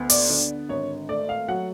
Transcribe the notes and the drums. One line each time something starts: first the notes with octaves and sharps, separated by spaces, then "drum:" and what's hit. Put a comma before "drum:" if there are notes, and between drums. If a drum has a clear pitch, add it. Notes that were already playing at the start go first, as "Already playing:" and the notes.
Already playing: D2 B3
D5, drum: open hi-hat
D3 D5
G#1 C#5
A3 D5
F5
F#3 F#5